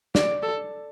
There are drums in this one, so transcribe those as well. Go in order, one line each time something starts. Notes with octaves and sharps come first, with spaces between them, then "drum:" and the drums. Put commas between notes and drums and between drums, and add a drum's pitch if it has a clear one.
D5, drum: snare
A4